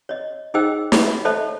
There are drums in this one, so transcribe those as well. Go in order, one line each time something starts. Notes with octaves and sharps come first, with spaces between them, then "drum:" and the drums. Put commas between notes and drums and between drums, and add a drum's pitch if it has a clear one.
C#5 D#5
D#4 G#4 C5 D#5 G5 E6
C#5 B5, drum: snare
A4 C5 C#5 D#5 E5 A5